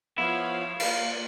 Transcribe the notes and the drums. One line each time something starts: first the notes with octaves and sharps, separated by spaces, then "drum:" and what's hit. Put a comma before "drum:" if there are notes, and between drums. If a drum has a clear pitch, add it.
F3 B3 E4 C#5 F5
A#3 F4 F5, drum: cymbal